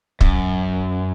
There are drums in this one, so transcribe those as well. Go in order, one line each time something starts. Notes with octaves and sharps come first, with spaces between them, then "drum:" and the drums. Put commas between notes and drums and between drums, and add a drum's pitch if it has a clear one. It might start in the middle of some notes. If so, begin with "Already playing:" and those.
F#2, drum: kick